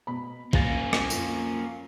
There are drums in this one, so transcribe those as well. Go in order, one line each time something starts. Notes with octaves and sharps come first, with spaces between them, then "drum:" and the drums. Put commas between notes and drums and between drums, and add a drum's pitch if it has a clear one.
B2 B5
A#1 A#3 C#4 F5 A6, drum: kick A#1
drum: rim click
F2, drum: tambourine